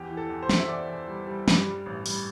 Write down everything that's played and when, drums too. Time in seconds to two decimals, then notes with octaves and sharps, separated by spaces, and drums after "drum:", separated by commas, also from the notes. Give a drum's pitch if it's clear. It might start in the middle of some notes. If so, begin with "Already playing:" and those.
Already playing: E2 G4
0.10 E3
0.17 A4
0.30 E2
0.43 C5
0.49 E2, drum: snare
0.59 E5
0.69 E2 D5
0.89 E2
1.07 G3
1.27 G3
1.48 G2, drum: snare
1.66 G3
1.86 A1
2.06 G3, drum: open hi-hat